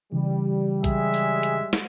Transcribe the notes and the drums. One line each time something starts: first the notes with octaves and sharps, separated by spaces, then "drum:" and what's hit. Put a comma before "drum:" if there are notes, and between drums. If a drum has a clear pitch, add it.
C#3 E3 G3
G#3 G#4 E5, drum: kick A#1, hi-hat
drum: open hi-hat
drum: hi-hat
drum: snare